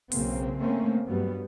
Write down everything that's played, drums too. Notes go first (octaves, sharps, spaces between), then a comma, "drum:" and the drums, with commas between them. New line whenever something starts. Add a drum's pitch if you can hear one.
B1 C#3 A#3 C4, drum: open hi-hat
C#3 A3 A#3 C4 C#4
G2 F#3 G3 B3